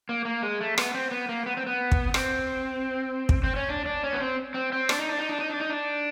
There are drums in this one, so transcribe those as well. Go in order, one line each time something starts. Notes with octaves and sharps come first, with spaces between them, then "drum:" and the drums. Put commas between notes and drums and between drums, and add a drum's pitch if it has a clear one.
A#3
A#3
G#3
A3
B3, drum: rim click
C4
B3
A#3
B3
C4
B3
drum: kick
C4, drum: rim click
drum: kick
C4
C#4
D4
D4
C#4
B3
C4
C4
C4
D4, drum: rim click
D#4
D4
D#4
D4
D#4
D4
D#4
D4